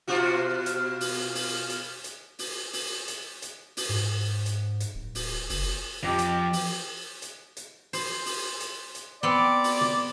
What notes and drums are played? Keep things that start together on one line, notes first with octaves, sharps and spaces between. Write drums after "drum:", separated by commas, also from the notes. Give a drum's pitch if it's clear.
B2 F4 F#4
drum: hi-hat
drum: open hi-hat
drum: open hi-hat
drum: hi-hat
drum: hi-hat
drum: open hi-hat
drum: open hi-hat
drum: hi-hat
drum: hi-hat
drum: open hi-hat
G#2
drum: hi-hat
drum: hi-hat
D1
drum: open hi-hat
F#1, drum: open hi-hat
F2 F3 G4
drum: hi-hat
drum: open hi-hat
drum: hi-hat
drum: hi-hat
C5, drum: open hi-hat
drum: open hi-hat
drum: hi-hat
drum: hi-hat
B3 C4 D5
drum: open hi-hat
drum: tom